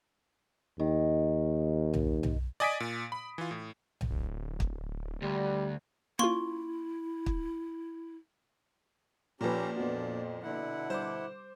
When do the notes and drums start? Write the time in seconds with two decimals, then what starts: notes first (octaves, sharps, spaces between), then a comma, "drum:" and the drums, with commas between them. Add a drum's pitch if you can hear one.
0.80 D#2 D#3
1.94 drum: tom B1
2.23 drum: tom B1
2.60 D5 D#5 G#5 D#6 B6 D7
2.80 A#2
3.12 B5
3.38 E3 F4
3.51 A2
4.01 drum: tom B1
4.11 D1
4.60 drum: kick
5.22 D2 G3
6.19 A#3 C#4 E4 F4 C6 C#6 G7
7.26 drum: kick
9.41 A#2 F3 C#4 F4 G4 A4 B4 A#5
9.77 F2 B3 D4 F#4
10.43 B2 D3 E4 F#5
10.90 G3 C5 D6